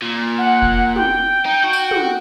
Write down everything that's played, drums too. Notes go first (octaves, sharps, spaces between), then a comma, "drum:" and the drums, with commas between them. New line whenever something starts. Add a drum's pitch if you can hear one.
A#2
F#5
drum: kick F1
G5, drum: tom
D#4
F#4
drum: tambourine
drum: tom